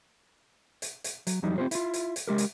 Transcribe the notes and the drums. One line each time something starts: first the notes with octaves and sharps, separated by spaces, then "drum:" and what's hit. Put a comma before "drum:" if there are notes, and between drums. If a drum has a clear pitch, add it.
drum: hi-hat
drum: hi-hat
F#3, drum: hi-hat
F2 E3 F#3 G3 D#4
C4 D4 F4 G4 C5
E4 F4, drum: hi-hat
drum: hi-hat
drum: hi-hat
G#3 G4 A#4
drum: hi-hat